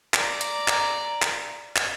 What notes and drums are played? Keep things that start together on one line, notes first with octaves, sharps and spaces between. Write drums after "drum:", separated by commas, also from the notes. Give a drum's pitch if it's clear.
D5 A#5, drum: clap
drum: hi-hat
drum: clap
drum: clap
drum: clap